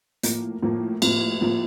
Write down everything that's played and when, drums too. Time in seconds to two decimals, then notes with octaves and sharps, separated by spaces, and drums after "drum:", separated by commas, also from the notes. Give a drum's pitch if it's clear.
0.23 A2 F3 A#3, drum: hi-hat
0.63 A2 F3 A#3
1.02 A2 F3 A#3, drum: cymbal
1.41 A2 F3 A#3